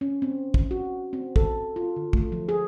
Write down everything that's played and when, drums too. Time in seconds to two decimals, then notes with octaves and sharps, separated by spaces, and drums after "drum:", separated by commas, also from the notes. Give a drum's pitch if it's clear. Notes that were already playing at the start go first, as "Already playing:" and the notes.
0.01 C#4
0.22 C4
0.54 drum: kick
0.71 F#4
1.13 C4
1.36 A4, drum: kick
1.76 F4
1.96 D3
2.13 A3, drum: kick
2.32 F3
2.49 G#4